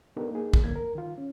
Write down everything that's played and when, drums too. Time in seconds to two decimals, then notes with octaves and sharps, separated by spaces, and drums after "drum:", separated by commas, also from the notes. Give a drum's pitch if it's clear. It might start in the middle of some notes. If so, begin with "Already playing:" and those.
0.17 B3 D4 D#4 G4 A4 A#4
0.31 A#3 D#4 G#4
0.54 drum: kick
0.64 F2 D3 A#3 G#6
0.76 A#4
0.95 D#3 F4
1.18 C#4